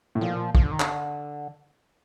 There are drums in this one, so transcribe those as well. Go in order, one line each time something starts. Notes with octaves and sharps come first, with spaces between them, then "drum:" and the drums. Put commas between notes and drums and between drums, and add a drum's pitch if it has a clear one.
A2
A#2 F3
A#2
F3, drum: kick
D3
D#3
D3, drum: clap